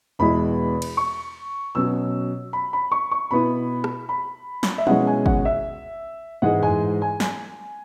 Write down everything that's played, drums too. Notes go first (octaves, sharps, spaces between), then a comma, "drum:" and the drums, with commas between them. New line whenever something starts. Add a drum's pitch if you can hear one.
E2 B2 G#3 E4 B5
drum: cymbal
C#6
B2 F#3 C#4 E6
B5
B5
C#6
C#6
B2 B3 E4 B5
drum: rim click
B5
drum: snare
E5
B2 G#3 C#4 E4 F#5, drum: tom F3
G#5
F#5, drum: kick G1
E5
G#2 E3 G#3 E4 F#5
G#5, drum: tom F2
G#5
G#5, drum: snare